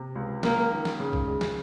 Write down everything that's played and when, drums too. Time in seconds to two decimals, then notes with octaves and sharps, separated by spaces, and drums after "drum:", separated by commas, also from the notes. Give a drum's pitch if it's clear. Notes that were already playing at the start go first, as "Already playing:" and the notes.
Already playing: C3
0.15 C#2
0.43 C#2 A#3, drum: snare
0.71 D#3
0.85 drum: snare
1.00 C#3
1.13 drum: kick B1
1.28 G#3
1.41 drum: snare